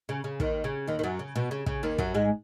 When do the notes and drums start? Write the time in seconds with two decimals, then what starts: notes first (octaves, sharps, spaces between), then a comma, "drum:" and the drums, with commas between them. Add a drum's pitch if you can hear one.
0.09 C#3
0.24 C#3
0.40 D#2 D#3, drum: kick
0.64 C#3
0.88 D#2 D#3
0.99 D#3
1.03 F#2 F#3
1.19 C#3
1.36 B2
1.51 C#3
1.66 C#3, drum: kick
1.83 D#2 D#3
1.98 F#2 F#3, drum: kick
2.14 G#2 G#3